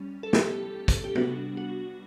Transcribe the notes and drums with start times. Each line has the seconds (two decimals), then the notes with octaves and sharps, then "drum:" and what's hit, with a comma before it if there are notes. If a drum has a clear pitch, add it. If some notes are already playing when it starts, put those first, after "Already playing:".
Already playing: G3 C#4
0.23 A4
0.33 G4, drum: snare
0.88 drum: kick, hi-hat
1.04 G4
1.15 G3 B3 D4 F#4, drum: tom
1.57 F#4